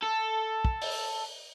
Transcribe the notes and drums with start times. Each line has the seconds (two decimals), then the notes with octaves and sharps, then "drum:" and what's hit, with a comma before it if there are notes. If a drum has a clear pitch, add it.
0.02 A4
0.65 drum: kick
0.82 drum: open hi-hat